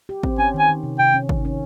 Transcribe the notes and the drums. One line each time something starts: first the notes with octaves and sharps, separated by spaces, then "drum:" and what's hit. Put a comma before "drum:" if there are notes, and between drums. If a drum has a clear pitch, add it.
G4
C4, drum: kick
C#4 G#5
D#3 G#5
D#3
C3
C3 G5
C#4
D#3, drum: kick
C#4